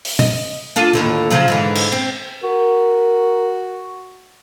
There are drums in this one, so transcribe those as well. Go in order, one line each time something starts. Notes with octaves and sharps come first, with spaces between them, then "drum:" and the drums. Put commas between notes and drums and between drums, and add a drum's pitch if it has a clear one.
drum: open hi-hat
D#5, drum: tom B2
D4 F4 A4
D#2 A2 D3
C#3 F3 F#3
G#2 D3 E3
drum: cymbal
C4
F#4 A#4